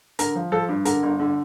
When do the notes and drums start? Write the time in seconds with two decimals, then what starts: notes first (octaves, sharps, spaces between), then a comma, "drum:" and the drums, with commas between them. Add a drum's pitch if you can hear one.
0.19 D3 A#4, drum: hi-hat
0.35 F3
0.52 F3 A4
0.69 G2
0.85 D3 A#4, drum: hi-hat
1.03 G1
1.20 D3